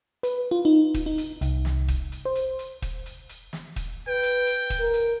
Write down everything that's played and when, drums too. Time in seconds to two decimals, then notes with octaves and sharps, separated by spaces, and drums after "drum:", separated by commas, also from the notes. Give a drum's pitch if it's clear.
0.23 B4, drum: hi-hat
0.51 F4
0.65 D#4
0.94 drum: kick, hi-hat
1.06 D#4
1.18 drum: hi-hat
1.41 C2, drum: hi-hat
1.65 drum: snare
1.88 drum: kick, hi-hat
2.12 drum: hi-hat
2.25 C5
2.35 drum: hi-hat
2.59 drum: hi-hat
2.82 drum: kick, hi-hat
3.06 drum: hi-hat
3.29 drum: hi-hat
3.53 drum: snare
3.76 drum: kick, hi-hat
4.07 B4 G5
4.23 drum: hi-hat
4.47 drum: hi-hat
4.70 drum: kick, hi-hat
4.80 A#4
4.94 drum: hi-hat